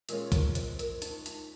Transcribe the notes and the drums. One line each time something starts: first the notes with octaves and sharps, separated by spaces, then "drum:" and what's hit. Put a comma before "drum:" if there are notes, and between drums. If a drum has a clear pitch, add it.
A#2 G#3 C#4 F4 A#4, drum: hi-hat
A#4, drum: kick, hi-hat
C5, drum: hi-hat
A#4, drum: hi-hat
D#4, drum: hi-hat
D#4, drum: hi-hat